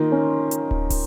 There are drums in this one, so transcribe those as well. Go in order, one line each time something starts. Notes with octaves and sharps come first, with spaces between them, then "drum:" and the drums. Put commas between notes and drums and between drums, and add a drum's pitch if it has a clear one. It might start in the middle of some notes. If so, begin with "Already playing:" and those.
Already playing: D#3 A#3 D#4 F4
C#4
drum: hi-hat
drum: kick
drum: kick, open hi-hat